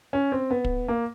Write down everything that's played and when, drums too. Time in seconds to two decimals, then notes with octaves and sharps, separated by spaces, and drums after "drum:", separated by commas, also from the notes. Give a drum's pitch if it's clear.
0.13 C#4
0.32 C4
0.51 B3
0.64 drum: kick
0.88 A#3